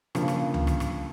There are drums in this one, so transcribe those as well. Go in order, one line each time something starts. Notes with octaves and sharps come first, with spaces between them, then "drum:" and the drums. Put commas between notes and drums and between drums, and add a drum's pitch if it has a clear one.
G2 C#3 F3 A#3, drum: rim click
drum: rim click
drum: tom C#2
drum: rim click
drum: rim click